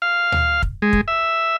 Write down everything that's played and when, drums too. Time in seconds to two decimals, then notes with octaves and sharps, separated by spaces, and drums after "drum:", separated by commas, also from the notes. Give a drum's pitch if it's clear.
0.02 F5
0.32 drum: tom D2
0.62 drum: kick
0.82 G#3
0.93 drum: kick
1.08 E5